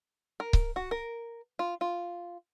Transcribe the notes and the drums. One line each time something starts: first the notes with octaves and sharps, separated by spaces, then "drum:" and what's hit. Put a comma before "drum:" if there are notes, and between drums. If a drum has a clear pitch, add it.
A#4
drum: kick C#1
F#4
A#4
F4
F4